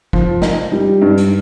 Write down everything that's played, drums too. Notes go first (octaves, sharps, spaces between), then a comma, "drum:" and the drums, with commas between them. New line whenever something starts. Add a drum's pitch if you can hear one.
F3, drum: kick
D#4, drum: snare A3
G3
G2
drum: hi-hat